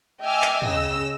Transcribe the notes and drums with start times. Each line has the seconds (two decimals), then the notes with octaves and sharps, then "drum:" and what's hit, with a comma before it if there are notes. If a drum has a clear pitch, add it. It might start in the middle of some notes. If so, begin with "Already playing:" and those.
0.22 D#5 E5 G5 G#5 D6 F6
0.42 drum: clap
0.62 C#3 D#5 E6 A#6, drum: tom